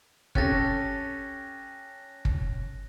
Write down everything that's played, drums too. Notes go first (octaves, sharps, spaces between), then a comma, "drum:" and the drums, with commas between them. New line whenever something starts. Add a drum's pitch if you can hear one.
C#4 G4 A4 F#6 A6 A#6, drum: kick
drum: kick